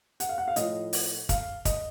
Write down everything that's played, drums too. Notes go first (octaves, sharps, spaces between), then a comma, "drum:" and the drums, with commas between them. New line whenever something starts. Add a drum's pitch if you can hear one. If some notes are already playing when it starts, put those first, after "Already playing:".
F#5, drum: hi-hat
F5
F#5
F5
A2 F3 D#5, drum: hi-hat
drum: open hi-hat
F5, drum: kick, hi-hat
D#5, drum: kick, hi-hat